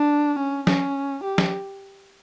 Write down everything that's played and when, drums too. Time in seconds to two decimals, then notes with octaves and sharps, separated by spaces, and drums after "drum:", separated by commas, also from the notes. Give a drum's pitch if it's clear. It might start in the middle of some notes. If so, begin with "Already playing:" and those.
Already playing: D4
0.39 C#4
0.67 C#4, drum: snare
1.24 G4
1.38 drum: snare